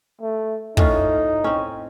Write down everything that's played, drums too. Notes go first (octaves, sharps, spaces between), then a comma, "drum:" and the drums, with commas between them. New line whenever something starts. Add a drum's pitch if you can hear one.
A3
A2 C#4 D#4 F4, drum: kick
C4 C#4